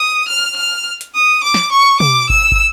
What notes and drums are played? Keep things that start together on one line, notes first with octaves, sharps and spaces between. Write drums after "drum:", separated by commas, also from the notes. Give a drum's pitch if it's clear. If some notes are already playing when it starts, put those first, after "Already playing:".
Already playing: D#6
F6
F6
drum: hi-hat
D#6
D6
drum: snare
C#6
D6, drum: tom
E6, drum: kick
drum: kick